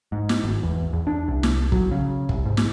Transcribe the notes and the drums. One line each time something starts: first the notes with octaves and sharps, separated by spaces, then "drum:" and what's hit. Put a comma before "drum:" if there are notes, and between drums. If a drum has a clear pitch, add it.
G#2
drum: snare
G#1
E2
E2
D4
C2
drum: snare
F#3, drum: kick
C#3
C2, drum: kick
G#2
drum: snare